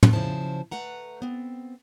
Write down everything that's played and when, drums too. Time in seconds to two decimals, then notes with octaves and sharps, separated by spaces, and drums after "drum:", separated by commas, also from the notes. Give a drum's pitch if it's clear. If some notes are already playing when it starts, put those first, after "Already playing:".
0.03 drum: tom
0.13 C#3 F3 F#3 E4 C5 A5
0.71 A3 B4 F#5 A#5
1.22 B3 C4